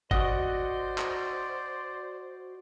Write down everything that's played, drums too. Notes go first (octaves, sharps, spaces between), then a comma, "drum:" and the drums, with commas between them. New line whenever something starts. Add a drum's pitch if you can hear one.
F#4 C5 D5 D#5 F#5 D#6 F#6, drum: kick
drum: clap